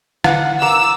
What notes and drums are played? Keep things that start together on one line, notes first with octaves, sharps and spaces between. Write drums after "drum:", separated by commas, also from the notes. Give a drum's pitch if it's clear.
D3 E4 B4 F5 F#5, drum: rim click
A#4 F5 A#5 D6 E6 F7